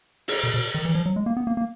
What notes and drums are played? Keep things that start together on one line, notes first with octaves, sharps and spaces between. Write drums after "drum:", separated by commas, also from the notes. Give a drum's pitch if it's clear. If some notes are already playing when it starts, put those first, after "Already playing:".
drum: open hi-hat
B2
B2
D#3
E3
F3
F#3
G#3
A#3
B3
A#3
A#3